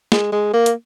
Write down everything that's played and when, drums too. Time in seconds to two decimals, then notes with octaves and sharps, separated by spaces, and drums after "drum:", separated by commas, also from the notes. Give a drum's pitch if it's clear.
0.12 G#3, drum: snare
0.32 G#3
0.53 A#3
0.66 drum: hi-hat